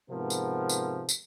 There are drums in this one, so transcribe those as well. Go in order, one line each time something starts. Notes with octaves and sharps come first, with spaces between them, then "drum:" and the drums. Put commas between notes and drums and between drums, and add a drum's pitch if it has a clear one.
G#2 C3 F3 B3 A#4
drum: tambourine
drum: tambourine
drum: tambourine